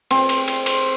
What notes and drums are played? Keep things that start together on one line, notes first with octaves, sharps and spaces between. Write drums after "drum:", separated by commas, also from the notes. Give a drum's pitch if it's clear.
C4, drum: cymbal
drum: cymbal
drum: cymbal
drum: cymbal